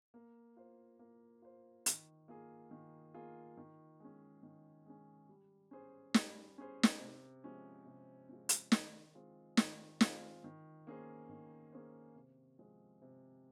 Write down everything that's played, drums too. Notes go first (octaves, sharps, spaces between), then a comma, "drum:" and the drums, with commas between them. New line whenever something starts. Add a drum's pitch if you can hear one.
A#3
F4 C5
A#3
F4 C5
D#3, drum: hi-hat
A#3 F4 G#4
D#3
A#3 F4 G#4
D#3
G#3 C#4
D#3
G#3 C#4
G3
C#4 G#4 C5
G3, drum: snare
C#4 G#4 C5
drum: snare
C3
F3 G#3 C#4
C3
F3 G#3 C#4
drum: hi-hat
D#3, drum: snare
G#3 C4 F4
D#3, drum: snare
G#3 C4 F4, drum: snare
D#3
A#3 C#4 G#4 C5
D#3
A#3 C#4 G#4 C5
C3
F3 G#3 C4
C3